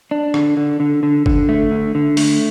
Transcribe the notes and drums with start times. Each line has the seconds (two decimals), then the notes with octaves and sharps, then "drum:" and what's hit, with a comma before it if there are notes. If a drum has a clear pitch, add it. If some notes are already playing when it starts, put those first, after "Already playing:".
0.11 D4
0.34 D3, drum: rim click
0.57 D3
0.80 D3
1.03 D3
1.26 D3, drum: kick
1.49 A3
1.71 D3
1.95 D3
2.17 A3, drum: open hi-hat